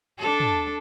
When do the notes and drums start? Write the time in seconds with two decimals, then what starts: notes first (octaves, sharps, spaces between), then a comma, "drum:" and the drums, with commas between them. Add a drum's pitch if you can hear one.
0.19 D4 A4
0.40 drum: tom